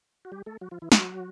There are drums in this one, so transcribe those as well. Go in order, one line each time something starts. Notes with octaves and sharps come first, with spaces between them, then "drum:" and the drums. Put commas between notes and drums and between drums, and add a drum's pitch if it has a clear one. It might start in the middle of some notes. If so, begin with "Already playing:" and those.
F#4
G3 G4
A3 A4
F#3 F#4
F3 F4
E3 E4
F#3 F#4, drum: snare